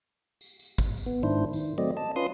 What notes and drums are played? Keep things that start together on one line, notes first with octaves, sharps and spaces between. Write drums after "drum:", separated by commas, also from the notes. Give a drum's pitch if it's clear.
drum: tambourine
drum: tambourine
drum: kick, tambourine
drum: tambourine
B3
G#2 D#3 D4 E4 C5
D#3, drum: tambourine
F#3 A3 C4 D5 D#5
D#5 A5
C#4 F4 B4 C6 D#6